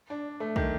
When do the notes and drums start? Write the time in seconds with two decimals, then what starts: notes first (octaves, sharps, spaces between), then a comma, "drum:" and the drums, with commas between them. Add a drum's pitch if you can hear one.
0.10 D4
0.40 A3
0.56 D#3, drum: kick